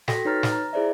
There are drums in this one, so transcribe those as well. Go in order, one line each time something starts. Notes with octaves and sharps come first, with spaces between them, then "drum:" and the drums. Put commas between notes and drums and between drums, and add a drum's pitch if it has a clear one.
F#4 A4 G5 A#6 B6, drum: snare
D#4 B4 C#5 A#5 F6 A6
drum: snare
A#5
E4 G#4 C5 D5 E5